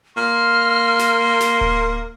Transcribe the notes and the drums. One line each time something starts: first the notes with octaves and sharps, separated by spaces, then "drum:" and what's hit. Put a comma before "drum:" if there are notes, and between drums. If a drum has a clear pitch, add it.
A#3 C6 F6
drum: snare
drum: snare
drum: kick D1